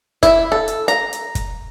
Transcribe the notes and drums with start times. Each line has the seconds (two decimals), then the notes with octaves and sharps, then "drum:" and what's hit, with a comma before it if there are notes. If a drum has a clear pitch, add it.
0.23 E4, drum: kick, hi-hat
0.52 A4
0.68 drum: hi-hat
0.88 A#5, drum: hi-hat
1.13 drum: hi-hat
1.35 drum: kick, hi-hat